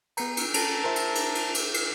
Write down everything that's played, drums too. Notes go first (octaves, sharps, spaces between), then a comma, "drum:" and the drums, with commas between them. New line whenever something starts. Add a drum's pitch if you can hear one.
B3 A#5, drum: cymbal
drum: cymbal
C#4 A4 A5 A#5, drum: cymbal
A#4 C5 E5
drum: cymbal
drum: cymbal
drum: cymbal
drum: cymbal
drum: cymbal